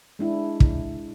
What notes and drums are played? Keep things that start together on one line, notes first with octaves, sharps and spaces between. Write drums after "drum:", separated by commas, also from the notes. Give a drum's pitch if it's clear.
G#3 D4 E4
drum: kick